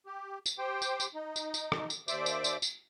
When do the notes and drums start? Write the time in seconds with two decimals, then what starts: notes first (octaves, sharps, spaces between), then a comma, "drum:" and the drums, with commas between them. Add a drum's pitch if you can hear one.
0.06 G4
0.46 drum: tambourine
0.59 G4 C5 G5
0.82 drum: tambourine
1.00 drum: tambourine
1.15 D#4
1.36 drum: tambourine
1.54 drum: tambourine
1.72 drum: rim click
1.90 drum: tambourine
2.08 D#2 C5 D5 E5 D6, drum: tambourine
2.26 drum: tambourine
2.44 drum: tambourine
2.62 drum: tambourine